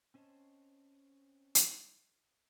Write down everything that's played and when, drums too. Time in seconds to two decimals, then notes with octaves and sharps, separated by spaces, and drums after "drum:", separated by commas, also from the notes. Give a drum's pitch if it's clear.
0.14 C4 C#4 C5 C#5 D#5 A5
1.55 drum: hi-hat